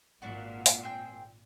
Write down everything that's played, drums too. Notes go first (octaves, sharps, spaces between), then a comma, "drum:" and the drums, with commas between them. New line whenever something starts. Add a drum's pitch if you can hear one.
G#1 A#2 B3 D4 F#4
drum: open hi-hat
C4 G#4 G5